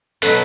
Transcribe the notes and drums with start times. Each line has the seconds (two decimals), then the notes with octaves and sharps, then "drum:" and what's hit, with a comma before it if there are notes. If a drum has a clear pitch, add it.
0.22 B2 F#3 A3 B4, drum: open hi-hat